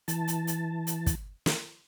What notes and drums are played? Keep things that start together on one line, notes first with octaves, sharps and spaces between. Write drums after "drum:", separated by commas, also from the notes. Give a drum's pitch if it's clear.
E3 A5, drum: hi-hat
drum: hi-hat
drum: hi-hat
drum: hi-hat
drum: kick, hi-hat
drum: snare